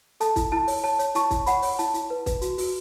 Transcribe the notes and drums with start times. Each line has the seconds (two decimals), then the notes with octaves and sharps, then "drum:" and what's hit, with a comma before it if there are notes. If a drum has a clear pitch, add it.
0.20 A4 A5, drum: hi-hat
0.36 E4, drum: kick, hi-hat
0.52 E4 A5
0.68 C#5, drum: open hi-hat
0.84 C#5 A5
0.99 C#5, drum: hi-hat
1.15 E4 A5 C#6, drum: hi-hat
1.31 E4, drum: kick, hi-hat
1.46 C#5 F#5 B5, drum: hi-hat
1.62 C#5, drum: open hi-hat
1.79 E4 A5, drum: hi-hat
1.94 E4, drum: hi-hat
2.10 B4
2.26 B4, drum: kick, hi-hat
2.42 F#4, drum: hi-hat
2.58 F#4, drum: open hi-hat